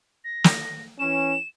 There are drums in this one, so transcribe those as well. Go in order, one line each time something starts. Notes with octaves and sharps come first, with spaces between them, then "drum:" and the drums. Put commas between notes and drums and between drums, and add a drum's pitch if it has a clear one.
A#6
drum: snare
E3 C#4 E7